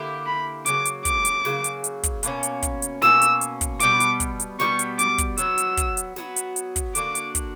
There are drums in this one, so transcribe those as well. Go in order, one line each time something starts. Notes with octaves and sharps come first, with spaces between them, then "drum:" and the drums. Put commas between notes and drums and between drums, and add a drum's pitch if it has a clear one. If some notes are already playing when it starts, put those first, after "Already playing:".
Already playing: D3 A#3 E4 G4
B5
C#3 F#3 A#3 D6, drum: hi-hat
drum: hi-hat
D6, drum: kick, hi-hat
drum: hi-hat
C#3 F#3 A#3, drum: snare
drum: hi-hat
drum: hi-hat
drum: kick, hi-hat
B2 A#3 C#4, drum: hi-hat
drum: hi-hat
drum: kick, hi-hat
drum: hi-hat
B2 A#3 C#4 E6, drum: snare
drum: hi-hat
drum: hi-hat
drum: kick, hi-hat
B2 G3 B3 D6, drum: hi-hat
drum: hi-hat
drum: kick, hi-hat
drum: hi-hat
B2 G3 B3 C#6, drum: snare
drum: hi-hat
D6, drum: hi-hat
drum: kick, hi-hat
F#3 B3 F#4 E6, drum: hi-hat
drum: hi-hat
drum: kick, hi-hat
drum: hi-hat
F#3 B3 F#4, drum: snare
drum: hi-hat
drum: hi-hat
drum: kick, hi-hat
D3 A#3 D4 F#4 D6, drum: hi-hat
drum: hi-hat
drum: kick, hi-hat